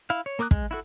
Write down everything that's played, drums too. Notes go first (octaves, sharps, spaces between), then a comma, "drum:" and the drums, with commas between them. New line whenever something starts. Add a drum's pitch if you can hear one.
E4 F5
C#5
A#3 A#4 D6 D#6 F#6
G#3, drum: kick
E4 F#4 A4